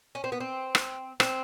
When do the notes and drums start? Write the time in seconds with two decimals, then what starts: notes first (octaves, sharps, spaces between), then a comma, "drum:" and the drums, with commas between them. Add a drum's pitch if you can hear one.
0.15 C#4
0.24 C4
0.32 B3
0.40 C4
0.75 drum: rim click
1.20 C4, drum: rim click